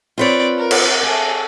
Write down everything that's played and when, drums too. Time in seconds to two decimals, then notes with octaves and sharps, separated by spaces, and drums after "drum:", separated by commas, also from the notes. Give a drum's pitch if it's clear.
0.18 C4 F4 B4 C#5 D5
0.58 A#4
0.71 drum: cymbal
1.03 G#4 A4 E5